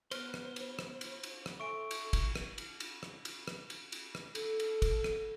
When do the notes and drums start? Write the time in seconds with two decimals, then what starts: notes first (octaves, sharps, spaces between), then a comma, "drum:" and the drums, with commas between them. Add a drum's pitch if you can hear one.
0.11 B3 C5 F6 F#6, drum: cymbal
0.34 drum: rim click
0.56 drum: cymbal
0.79 drum: rim click
1.01 drum: cymbal
1.23 drum: cymbal
1.46 drum: rim click
1.60 A4 E5 G#5 C6 C#6 D7
1.91 drum: cymbal
2.13 drum: kick, cymbal
2.36 drum: rim click
2.58 drum: cymbal
2.80 drum: cymbal
3.03 drum: rim click
3.25 drum: cymbal
3.48 drum: rim click
3.70 drum: cymbal
3.92 drum: cymbal
4.15 drum: rim click
4.35 A4, drum: cymbal
4.60 drum: cymbal
4.82 drum: kick, cymbal
5.04 drum: rim click